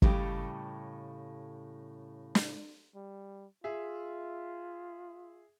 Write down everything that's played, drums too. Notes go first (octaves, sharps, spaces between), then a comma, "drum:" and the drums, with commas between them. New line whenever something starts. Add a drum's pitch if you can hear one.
A2 C#3 G3 G4 A4 D#5, drum: kick
drum: snare
G3
F4 G#4 E5